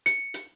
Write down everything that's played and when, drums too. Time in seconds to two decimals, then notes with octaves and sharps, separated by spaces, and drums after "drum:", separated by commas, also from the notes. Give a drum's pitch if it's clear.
0.06 C#7, drum: hi-hat
0.34 drum: hi-hat